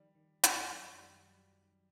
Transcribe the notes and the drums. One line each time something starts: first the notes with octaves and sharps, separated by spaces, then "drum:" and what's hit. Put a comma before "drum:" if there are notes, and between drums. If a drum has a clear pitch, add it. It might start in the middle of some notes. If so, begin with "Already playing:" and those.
Already playing: D#3 F3 G3
D#3
F#2, drum: hi-hat
F#2
D#3 G3
F#3